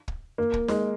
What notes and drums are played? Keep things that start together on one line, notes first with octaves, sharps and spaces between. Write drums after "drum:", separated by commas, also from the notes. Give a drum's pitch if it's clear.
drum: kick
A#3
drum: kick
G#3, drum: snare D#4